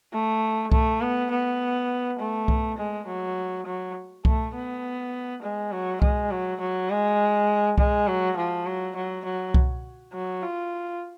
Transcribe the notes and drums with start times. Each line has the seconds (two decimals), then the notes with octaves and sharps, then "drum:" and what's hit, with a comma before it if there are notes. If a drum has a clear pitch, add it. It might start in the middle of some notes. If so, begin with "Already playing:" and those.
0.13 A3
0.72 A3, drum: kick C2
1.01 B3
1.31 B3
2.19 A3
2.48 drum: kick C2
2.78 G#3
3.07 F#3
3.66 F#3
4.25 A3, drum: kick C2
4.55 B3
5.42 G#3
5.72 F#3
6.02 G#3, drum: kick C2
6.31 F#3
6.61 F#3
6.90 G#3
7.78 G#3, drum: kick C2
8.07 F#3
8.37 F3
8.66 F#3
8.96 F#3
9.25 F#3
9.54 drum: kick C2
10.13 F#3
10.42 F4